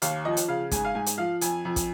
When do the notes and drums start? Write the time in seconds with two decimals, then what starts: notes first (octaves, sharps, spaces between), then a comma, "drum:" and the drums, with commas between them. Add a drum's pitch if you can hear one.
0.02 D#2 F5, drum: hi-hat
0.25 F3 D#5
0.37 drum: hi-hat
0.48 C#3 F5
0.71 G#2 G#5, drum: kick, hi-hat
0.85 F5
0.95 G#2 G#5
1.06 drum: hi-hat
1.18 F3 F5
1.41 F2 G#5, drum: hi-hat
1.65 F2
1.76 drum: kick, hi-hat